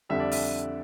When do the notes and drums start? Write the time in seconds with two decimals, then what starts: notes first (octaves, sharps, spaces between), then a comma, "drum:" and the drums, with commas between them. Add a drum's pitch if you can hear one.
0.09 F2 D3 G3 E5
0.20 D5
0.32 E5, drum: open hi-hat